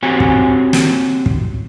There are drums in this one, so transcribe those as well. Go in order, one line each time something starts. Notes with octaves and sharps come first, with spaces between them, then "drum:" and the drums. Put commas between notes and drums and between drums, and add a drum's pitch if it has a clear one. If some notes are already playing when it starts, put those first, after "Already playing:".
C4 F#4 G4 C5 C#5 G#5
drum: kick
drum: snare
drum: kick